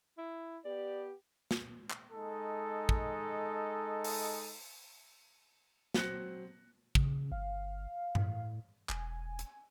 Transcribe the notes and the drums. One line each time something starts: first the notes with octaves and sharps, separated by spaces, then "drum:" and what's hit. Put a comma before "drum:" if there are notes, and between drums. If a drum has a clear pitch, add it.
E4
B3 G4 D5
drum: snare
drum: clap
G#3 D#4 A4
drum: kick
drum: open hi-hat
F#3 C4 F#6 A#6 C#7, drum: snare
C#3, drum: kick
G1 F5
A2, drum: tom G2
E1 G#5, drum: clap
drum: hi-hat